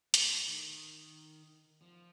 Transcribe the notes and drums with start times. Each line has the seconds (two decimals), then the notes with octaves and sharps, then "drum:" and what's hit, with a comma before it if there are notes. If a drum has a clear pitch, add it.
0.14 A2, drum: hi-hat
0.47 D#3
1.82 F3